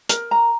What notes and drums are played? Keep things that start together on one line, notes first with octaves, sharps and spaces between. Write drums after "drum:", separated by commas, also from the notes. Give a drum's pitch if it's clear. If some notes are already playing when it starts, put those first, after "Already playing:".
A#4, drum: hi-hat
A#5